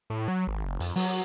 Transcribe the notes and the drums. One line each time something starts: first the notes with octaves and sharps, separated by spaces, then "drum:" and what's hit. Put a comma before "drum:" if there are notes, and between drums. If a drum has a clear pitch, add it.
A2
F#3
G#1
F#1
F2, drum: hi-hat
F#3, drum: open hi-hat